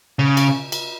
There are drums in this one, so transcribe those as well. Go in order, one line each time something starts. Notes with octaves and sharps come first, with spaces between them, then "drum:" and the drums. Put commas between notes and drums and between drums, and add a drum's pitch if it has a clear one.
C#3
drum: cymbal
drum: cymbal